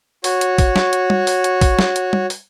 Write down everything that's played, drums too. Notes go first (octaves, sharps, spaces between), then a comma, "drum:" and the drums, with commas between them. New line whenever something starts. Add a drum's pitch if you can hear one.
F#4 C#5, drum: open hi-hat
drum: hi-hat
drum: kick, open hi-hat
drum: snare
drum: hi-hat
drum: tom G3
drum: open hi-hat
drum: hi-hat
drum: kick, open hi-hat
drum: snare
drum: hi-hat
drum: tom G3
drum: open hi-hat